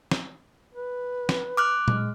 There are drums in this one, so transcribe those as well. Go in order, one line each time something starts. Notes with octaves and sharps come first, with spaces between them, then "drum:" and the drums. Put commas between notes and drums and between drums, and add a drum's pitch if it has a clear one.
drum: snare
B4
drum: snare
D6 F6 F#6
G#3, drum: tom A#2